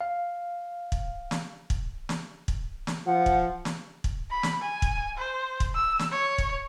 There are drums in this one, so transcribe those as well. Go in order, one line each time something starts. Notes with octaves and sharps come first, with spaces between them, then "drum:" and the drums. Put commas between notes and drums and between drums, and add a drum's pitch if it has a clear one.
F5
drum: kick
drum: snare
drum: kick
drum: snare
drum: kick
drum: snare
F3 F#5
drum: kick
drum: snare
drum: kick
B5
drum: snare
G#5
drum: kick
C5
drum: kick
E6
drum: snare
C#5
drum: kick